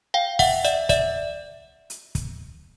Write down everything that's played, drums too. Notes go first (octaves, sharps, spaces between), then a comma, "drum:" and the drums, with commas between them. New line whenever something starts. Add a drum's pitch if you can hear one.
F5 G5
E5 F#5, drum: kick, open hi-hat
D5 E5, drum: hi-hat
D5 E5, drum: kick, hi-hat
drum: hi-hat
drum: kick, hi-hat